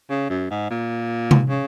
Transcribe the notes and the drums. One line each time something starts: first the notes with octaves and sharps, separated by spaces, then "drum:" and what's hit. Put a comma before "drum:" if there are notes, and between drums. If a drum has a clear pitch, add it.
C#3
F#2
G#2
A#2
drum: tom C3
C#3